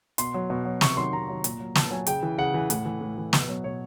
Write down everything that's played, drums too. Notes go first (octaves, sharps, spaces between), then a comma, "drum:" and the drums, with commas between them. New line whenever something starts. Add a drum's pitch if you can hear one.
B2 C6, drum: hi-hat
F#3
B2
F#3
C3 C#6, drum: snare
D#3 F#3 C6
C3 A#5
D#3 F#3
A#2, drum: hi-hat
F#3
A#2 A5, drum: snare
F#3 G#5
C#3 G5, drum: hi-hat
E3
C#3 F#5
E3
A2, drum: hi-hat
E3
A2
E3
B2, drum: snare
F#3
B2 C#5